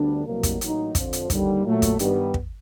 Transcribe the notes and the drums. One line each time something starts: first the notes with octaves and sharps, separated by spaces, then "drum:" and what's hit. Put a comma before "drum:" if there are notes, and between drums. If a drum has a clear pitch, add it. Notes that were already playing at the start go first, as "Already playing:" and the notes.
Already playing: D2 D3 G3 B3 D4
C2 B2 F#3 A#3
drum: kick, hi-hat
A1 A2 F#3 A#3 D#4, drum: hi-hat
F2 D3 F3, drum: kick, hi-hat
drum: hi-hat
D#2 D3 G3, drum: kick, hi-hat
A#2 F#3 A3
drum: kick, hi-hat
G2 D#3 G3 B3, drum: hi-hat
drum: kick